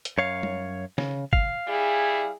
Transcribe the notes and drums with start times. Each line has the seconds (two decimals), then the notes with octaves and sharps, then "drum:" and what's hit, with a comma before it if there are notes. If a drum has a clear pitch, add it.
0.05 drum: hi-hat
0.18 F#2 C#5 F5
0.43 drum: tom G3
0.98 C#3, drum: snare
1.33 F5, drum: kick
1.67 G3 E4 G#4